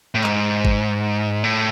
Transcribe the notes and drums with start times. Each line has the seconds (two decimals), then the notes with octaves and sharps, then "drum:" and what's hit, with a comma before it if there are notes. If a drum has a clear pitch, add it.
0.15 A2
0.24 G#2, drum: clap
0.65 drum: kick
1.44 A2